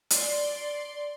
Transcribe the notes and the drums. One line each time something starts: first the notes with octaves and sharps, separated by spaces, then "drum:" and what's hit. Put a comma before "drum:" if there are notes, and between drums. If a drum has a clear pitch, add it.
D5 C6, drum: hi-hat